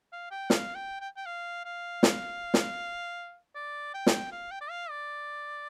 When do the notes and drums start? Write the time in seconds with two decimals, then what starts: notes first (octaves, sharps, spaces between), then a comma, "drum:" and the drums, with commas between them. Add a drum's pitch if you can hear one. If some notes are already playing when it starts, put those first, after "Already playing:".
0.12 F5
0.31 G5
0.50 F5, drum: snare
0.75 G5
1.01 G5
1.17 G5
1.26 F5
1.65 F5
2.03 drum: snare
2.54 drum: snare
3.55 D5
3.94 G5
4.07 drum: snare
4.32 F5
4.51 G5
4.61 D5
4.70 F5
4.90 D5